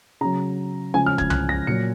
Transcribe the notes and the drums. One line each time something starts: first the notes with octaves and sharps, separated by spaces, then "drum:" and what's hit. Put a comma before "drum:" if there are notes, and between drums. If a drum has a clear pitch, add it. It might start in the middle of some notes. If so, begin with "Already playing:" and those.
C#3 F#3 A#5
C#3 F3 G#3 G#5
F6
G#6, drum: kick F#1
F#6, drum: tom C2
A#6
A#2 F#3 C#7